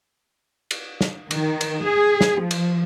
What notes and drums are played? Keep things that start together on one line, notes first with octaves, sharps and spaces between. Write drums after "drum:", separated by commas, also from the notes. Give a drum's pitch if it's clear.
drum: cymbal
drum: snare
D#3, drum: cymbal
drum: cymbal
G#4
drum: snare
F3
drum: cymbal